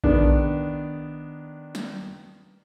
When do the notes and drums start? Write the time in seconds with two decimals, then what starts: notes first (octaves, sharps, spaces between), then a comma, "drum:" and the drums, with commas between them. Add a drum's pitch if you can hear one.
0.04 D#3 B3 D4, drum: kick A#1
1.75 drum: snare